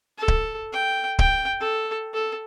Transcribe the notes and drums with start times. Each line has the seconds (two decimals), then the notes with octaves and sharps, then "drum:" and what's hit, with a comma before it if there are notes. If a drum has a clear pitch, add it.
0.18 A4
0.28 drum: kick D1
0.73 G5
1.19 G5, drum: kick D1
1.60 A4
2.14 A4